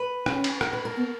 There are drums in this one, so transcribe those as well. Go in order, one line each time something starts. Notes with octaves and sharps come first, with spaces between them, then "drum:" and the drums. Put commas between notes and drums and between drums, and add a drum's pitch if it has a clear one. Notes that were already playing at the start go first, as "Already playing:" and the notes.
Already playing: B4
C#4, drum: rim click
drum: cymbal
A#4, drum: rim click
B4
A#4
B3